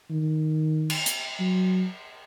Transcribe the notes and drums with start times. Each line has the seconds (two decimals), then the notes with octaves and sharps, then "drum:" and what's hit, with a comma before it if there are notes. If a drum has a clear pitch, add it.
0.10 D#3
0.90 drum: cymbal
1.06 drum: hi-hat
1.40 F#3